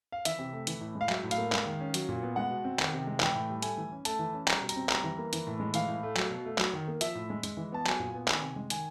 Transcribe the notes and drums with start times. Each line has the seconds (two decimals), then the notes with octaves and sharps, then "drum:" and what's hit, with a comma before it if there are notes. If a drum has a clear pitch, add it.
0.12 F5
0.25 E3 E5, drum: hi-hat
0.39 C3
0.53 A3
0.67 E3, drum: hi-hat
0.81 A2
0.95 G#3
1.01 F5
1.09 F#3 E5, drum: clap
1.23 A2
1.31 F5, drum: hi-hat
1.38 A#3
1.52 G#3, drum: clap
1.65 D#3
1.81 C#4
1.94 F#3, drum: hi-hat
2.09 A#2
2.23 B3
2.36 G#3 F#5
2.50 B2
2.64 C4
2.79 D#3, drum: clap
2.93 C3
3.07 G#3
3.20 E3 G5, drum: clap
3.34 A2
3.49 G3
3.62 A3 G#5, drum: hi-hat
3.77 E3
3.92 C#4
4.05 A3 A5, drum: hi-hat
4.19 E3
4.34 C#4
4.48 G3 A#5, drum: clap
4.61 B2
4.69 A#5, drum: hi-hat
4.76 C4
4.89 G3 A#5, drum: clap
5.04 E3
5.18 A#3
5.33 E3, drum: hi-hat
5.47 A2
5.60 G#3
5.74 E3 F5, drum: hi-hat
5.88 A2
6.03 A3
6.16 F#3, drum: clap
6.30 B2
6.45 A3
6.58 F#3, drum: clap
6.73 D#3
6.88 A#3
7.01 F3 E5, drum: hi-hat
7.15 A2
7.30 G#3
7.43 G#3, drum: hi-hat
7.57 E3
7.72 B3 A5
7.86 F#3 G#5, drum: clap
8.00 A#2
8.14 B3
8.28 D#3 G#5, drum: clap
8.41 C3
8.56 G#3
8.70 D#3 G#5, drum: hi-hat